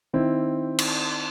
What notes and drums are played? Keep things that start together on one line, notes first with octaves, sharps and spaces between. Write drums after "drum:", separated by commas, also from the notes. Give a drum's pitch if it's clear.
D#3 C4 E4
drum: cymbal